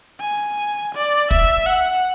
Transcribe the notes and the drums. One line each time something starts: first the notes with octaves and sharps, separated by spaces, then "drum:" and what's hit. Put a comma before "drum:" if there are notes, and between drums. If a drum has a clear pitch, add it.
G#5
D5
E5, drum: kick
F#5